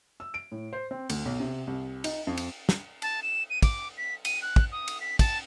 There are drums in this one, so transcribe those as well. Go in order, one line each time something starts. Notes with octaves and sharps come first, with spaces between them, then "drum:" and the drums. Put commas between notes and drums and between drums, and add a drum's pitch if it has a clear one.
E6
D7
A2
C5
C4
D2, drum: cymbal
B1
C3
C2
D#4, drum: cymbal
F2
drum: cymbal
drum: snare
A5, drum: cymbal
E7
D#7
D6, drum: kick, cymbal
B6
D#7, drum: cymbal
F#6
drum: kick
D#6
drum: cymbal
B6
A5, drum: kick, cymbal